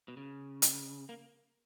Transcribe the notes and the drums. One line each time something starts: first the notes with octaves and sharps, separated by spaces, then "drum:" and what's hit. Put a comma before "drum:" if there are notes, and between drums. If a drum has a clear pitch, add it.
B2
C#3
drum: hi-hat
A#3